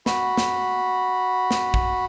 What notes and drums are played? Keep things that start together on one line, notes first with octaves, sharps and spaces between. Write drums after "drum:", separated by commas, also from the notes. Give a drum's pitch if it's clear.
F#4 B5, drum: snare
drum: snare
drum: snare
drum: kick